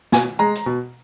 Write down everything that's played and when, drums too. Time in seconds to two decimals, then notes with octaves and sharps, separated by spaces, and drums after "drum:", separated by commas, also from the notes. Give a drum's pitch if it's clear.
0.12 B2 G#5, drum: snare
0.39 G#3 A#5
0.55 drum: hi-hat
0.66 B2